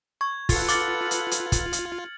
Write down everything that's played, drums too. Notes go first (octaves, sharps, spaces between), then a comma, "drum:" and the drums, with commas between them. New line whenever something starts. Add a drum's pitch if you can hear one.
C#6 G#6
F4 A4 B4 F#5 A6 C#7, drum: kick, open hi-hat
D6 F6 A6 C#7 F#7, drum: hi-hat
drum: hi-hat
drum: hi-hat
drum: kick, hi-hat
drum: hi-hat